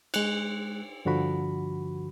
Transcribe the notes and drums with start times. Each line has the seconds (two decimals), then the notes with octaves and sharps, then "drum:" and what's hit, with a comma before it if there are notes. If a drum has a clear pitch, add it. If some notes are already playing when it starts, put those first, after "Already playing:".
0.14 G#3 F#6, drum: cymbal
1.05 G2 D3 F3 F#4 B5